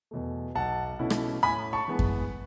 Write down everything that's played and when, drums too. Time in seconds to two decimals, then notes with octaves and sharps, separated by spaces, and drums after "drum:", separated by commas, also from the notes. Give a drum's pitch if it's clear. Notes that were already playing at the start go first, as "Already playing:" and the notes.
0.11 E2 B2 A3
0.55 B1 F#5 A5
0.99 B2 A3 C#4 E4
1.10 drum: rim click
1.43 A2 G#5 B5
1.73 A5 C#6
1.88 E3 G#3 B3
1.99 drum: kick F#2